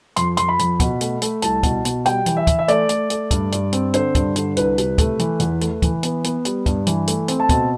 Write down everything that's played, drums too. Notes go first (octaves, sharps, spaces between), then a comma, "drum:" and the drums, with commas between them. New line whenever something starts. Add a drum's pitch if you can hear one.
F2 C6, drum: hi-hat
F2 C6, drum: hi-hat
B5
F2, drum: hi-hat
B2, drum: kick, hi-hat
A3, drum: hi-hat
A3, drum: hi-hat
C2 A5, drum: hi-hat
B2, drum: kick, hi-hat
B2, drum: hi-hat
G3 G5, drum: hi-hat
E3, drum: hi-hat
E5
E3, drum: kick, hi-hat
E5
A3 D5, drum: hi-hat
A3, drum: hi-hat
A3, drum: hi-hat
G2, drum: kick, hi-hat
G2, drum: hi-hat
C4, drum: hi-hat
D3 C5, drum: hi-hat
G2, drum: kick, hi-hat
D3, drum: hi-hat
C2 B4, drum: hi-hat
C3, drum: hi-hat
A3, drum: kick, hi-hat
E3, drum: hi-hat
E2, drum: hi-hat
A3, drum: hi-hat
E3, drum: kick, hi-hat
B3, drum: hi-hat
B3, drum: hi-hat
G3, drum: hi-hat
G2, drum: kick, hi-hat
E3, drum: hi-hat
A3, drum: hi-hat
C4, drum: hi-hat
A5
B2, drum: kick, hi-hat